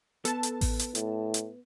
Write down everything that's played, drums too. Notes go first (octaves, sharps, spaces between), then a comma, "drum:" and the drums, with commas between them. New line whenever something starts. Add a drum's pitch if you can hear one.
B3 A4 A5, drum: hi-hat
drum: hi-hat
drum: kick A1, open hi-hat
drum: hi-hat
A2, drum: hi-hat
drum: hi-hat